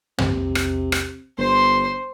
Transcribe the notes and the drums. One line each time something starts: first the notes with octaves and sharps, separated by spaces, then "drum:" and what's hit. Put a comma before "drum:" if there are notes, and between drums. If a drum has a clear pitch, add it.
C3, drum: tom
drum: rim click
drum: rim click
G1 C5 C6